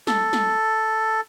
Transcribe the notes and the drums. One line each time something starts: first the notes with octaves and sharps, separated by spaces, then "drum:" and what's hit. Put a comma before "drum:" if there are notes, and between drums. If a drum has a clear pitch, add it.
A4, drum: snare
drum: snare